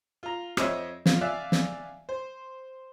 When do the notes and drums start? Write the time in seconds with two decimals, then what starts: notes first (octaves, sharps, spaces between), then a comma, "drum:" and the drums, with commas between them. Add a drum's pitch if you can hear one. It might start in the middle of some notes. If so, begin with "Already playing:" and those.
0.23 F4 A#5
0.57 F2 C4 C#5 D#5 E5, drum: rim click
1.06 F4 F5, drum: snare
1.21 D5 E5 F5 G#5 F#6
1.52 drum: snare
2.09 C5